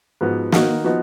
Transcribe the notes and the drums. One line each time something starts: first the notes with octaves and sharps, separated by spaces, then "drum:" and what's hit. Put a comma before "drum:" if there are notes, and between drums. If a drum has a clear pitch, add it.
G#2 F3 B3 F#4
D#3 A#3 D#4 F#4, drum: snare
F3 B3 D#4 F#4